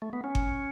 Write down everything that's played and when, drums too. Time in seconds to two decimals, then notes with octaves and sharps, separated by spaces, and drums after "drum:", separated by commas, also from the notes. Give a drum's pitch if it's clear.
0.02 A3
0.13 B3
0.24 C#4
0.35 drum: kick G1